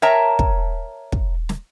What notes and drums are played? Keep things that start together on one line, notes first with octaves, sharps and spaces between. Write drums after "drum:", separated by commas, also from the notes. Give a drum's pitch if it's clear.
A#4 C#5 E5 G5 A5 A#5
drum: kick
drum: kick
drum: snare